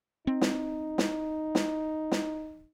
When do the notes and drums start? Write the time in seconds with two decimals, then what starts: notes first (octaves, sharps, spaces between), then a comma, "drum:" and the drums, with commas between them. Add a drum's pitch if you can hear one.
0.27 C4 D#4
0.41 drum: snare
0.98 drum: snare
1.55 drum: snare
2.12 drum: snare